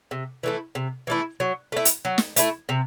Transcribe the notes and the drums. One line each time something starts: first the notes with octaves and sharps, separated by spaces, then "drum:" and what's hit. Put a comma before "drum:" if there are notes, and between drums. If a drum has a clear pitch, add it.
C3
E3 A3 E4
C3
E3 A3 E4
F#3
A3 E4
drum: hi-hat
F#3
drum: snare
A3 E4, drum: hi-hat
C3